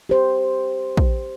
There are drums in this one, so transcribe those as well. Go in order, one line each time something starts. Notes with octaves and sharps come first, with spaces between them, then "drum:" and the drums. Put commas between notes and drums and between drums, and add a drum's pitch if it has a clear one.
G4 C5
drum: kick